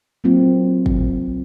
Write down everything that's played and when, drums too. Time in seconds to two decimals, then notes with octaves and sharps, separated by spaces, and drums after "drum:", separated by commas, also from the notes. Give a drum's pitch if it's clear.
0.24 F#3 A#3 C4 F4
0.86 drum: kick